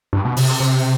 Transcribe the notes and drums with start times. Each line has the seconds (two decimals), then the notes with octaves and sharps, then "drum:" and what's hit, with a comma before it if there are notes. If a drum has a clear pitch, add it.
0.13 G2
0.25 B2
0.37 C3, drum: open hi-hat
0.60 C3